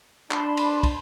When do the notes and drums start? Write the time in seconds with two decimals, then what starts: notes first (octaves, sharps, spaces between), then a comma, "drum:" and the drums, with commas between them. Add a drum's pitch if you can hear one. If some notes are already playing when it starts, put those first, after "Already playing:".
0.31 D4 A5 B5 C6, drum: clap
0.57 drum: cymbal
0.83 drum: kick, cymbal